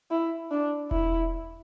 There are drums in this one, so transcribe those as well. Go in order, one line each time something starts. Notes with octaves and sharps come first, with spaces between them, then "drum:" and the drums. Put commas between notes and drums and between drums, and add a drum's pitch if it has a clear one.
E4
D4
E4, drum: kick E1